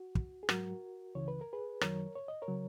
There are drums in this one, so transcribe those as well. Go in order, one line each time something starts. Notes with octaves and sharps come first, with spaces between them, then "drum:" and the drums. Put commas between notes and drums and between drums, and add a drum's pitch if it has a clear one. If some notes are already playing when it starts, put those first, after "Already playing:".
Already playing: F#4
drum: kick
G#4
G#2 F#3 F#4 A#4, drum: rim click
C#2 C#3 E3 C#5
B4
A#4
G#4 B4
F#2 D#3 F#3 A#4 C#5, drum: rim click
C#5
D#5
A#4 C#5
C#3 F#3